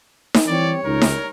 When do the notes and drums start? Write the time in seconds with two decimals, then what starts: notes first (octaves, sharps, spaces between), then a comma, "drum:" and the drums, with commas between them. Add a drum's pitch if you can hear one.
0.35 drum: snare D#4
0.48 E3 G3 C4 C#5 D5
0.85 C#2 D#4 A#4
1.02 drum: snare D#4